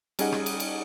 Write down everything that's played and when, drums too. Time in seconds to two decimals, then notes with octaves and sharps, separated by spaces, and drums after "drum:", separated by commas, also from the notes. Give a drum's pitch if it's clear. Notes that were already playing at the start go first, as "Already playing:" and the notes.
0.19 G3 C#4 D#4 G#4 D#5 F#5, drum: cymbal
0.32 drum: rim click
0.46 drum: cymbal
0.60 drum: cymbal